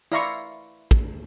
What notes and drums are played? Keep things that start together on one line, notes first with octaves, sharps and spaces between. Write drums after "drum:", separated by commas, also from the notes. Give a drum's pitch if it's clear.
E4 D5 F5 A#5 C6 C#6, drum: tambourine
drum: kick